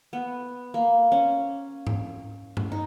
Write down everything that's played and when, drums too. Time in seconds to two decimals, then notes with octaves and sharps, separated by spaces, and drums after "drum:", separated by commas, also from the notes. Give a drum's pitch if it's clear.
0.13 B3
0.74 A#3
1.12 C#4
1.87 drum: tom G#2
2.57 drum: tom G2
2.72 D#4